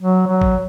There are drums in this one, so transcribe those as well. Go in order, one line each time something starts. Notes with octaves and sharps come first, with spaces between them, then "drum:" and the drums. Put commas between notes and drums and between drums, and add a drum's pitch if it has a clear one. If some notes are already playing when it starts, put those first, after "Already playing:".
F#3
F#3
drum: kick